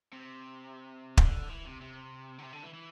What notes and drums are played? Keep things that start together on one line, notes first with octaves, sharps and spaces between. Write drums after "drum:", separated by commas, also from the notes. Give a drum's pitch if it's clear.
C3
D3, drum: kick
E3
C3
C3
D3
C3
D3
E3
E3